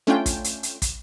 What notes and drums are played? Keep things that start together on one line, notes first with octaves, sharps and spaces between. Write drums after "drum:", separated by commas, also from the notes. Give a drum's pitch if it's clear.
A3 C#4 D4 F4 G5
drum: kick, hi-hat
drum: hi-hat
drum: hi-hat
drum: kick, hi-hat